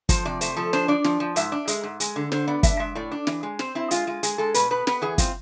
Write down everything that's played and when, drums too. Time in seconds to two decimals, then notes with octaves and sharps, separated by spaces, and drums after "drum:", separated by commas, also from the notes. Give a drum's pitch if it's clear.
0.09 F3 C5, drum: kick, hi-hat
0.25 C3 D5
0.41 A3 C5, drum: hi-hat
0.57 F3 A4
0.73 D4 C5, drum: snare
0.88 D4 D5
1.04 F3, drum: snare
1.20 F3
1.36 G#2 E5, drum: hi-hat
1.52 D4
1.68 G#3, drum: hi-hat
1.83 G#2
2.00 G#3, drum: hi-hat
2.16 D3
2.32 D3 C5, drum: snare
2.48 B3 D5
2.63 D4 E5, drum: kick, hi-hat
2.79 G#3 E5
2.95 A2 D5
3.12 D4
3.27 E3, drum: snare
3.43 G#3
3.59 C4 C5, drum: snare
3.75 C4 E4
3.91 G#3 F4, drum: hi-hat
4.07 G#3 F4
4.23 G#3 G#4, drum: hi-hat
4.38 G#3 A4
4.54 B2 B4, drum: hi-hat
4.71 B3 B4
4.87 B3 B4, drum: snare
5.02 E2 G#4
5.18 C4 F4, drum: kick, hi-hat